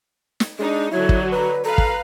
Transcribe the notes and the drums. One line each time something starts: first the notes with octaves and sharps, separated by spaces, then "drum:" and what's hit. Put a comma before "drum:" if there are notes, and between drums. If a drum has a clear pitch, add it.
drum: snare
G#3 D4 D#4
D3 F#3 E4 C#5
drum: kick
B4 A#5
A4 B4 F5 A#5
drum: kick